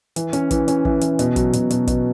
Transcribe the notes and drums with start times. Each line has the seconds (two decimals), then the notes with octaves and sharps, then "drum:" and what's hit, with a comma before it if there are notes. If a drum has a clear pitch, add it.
0.16 E3, drum: hi-hat
0.33 C#4, drum: hi-hat
0.51 E3, drum: kick, hi-hat
0.68 C#4, drum: hi-hat
0.85 E3, drum: kick
1.01 E3, drum: hi-hat
1.19 B2, drum: hi-hat
1.36 F#3, drum: kick, hi-hat
1.53 B2, drum: hi-hat
1.70 B2, drum: hi-hat
1.87 B2, drum: kick, hi-hat